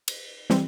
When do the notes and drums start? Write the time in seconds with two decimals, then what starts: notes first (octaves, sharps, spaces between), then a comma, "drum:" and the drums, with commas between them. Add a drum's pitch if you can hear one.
0.08 drum: cymbal
0.50 E3 G3 C4, drum: snare